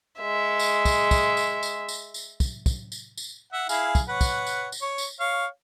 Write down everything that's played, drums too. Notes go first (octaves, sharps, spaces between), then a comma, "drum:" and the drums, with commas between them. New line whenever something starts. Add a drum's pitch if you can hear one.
G#3 E5
drum: tambourine
drum: kick, tambourine
drum: kick, tambourine
drum: tambourine
drum: tambourine
drum: tambourine
drum: tambourine
drum: kick, tambourine
drum: kick, tambourine
drum: tambourine
drum: tambourine
E5 F#5
E4 G#4 F5, drum: tambourine
drum: kick, tambourine
B4 C#5 F#5
drum: kick, tambourine
drum: tambourine
drum: tambourine
C#5
drum: tambourine
C#5 F5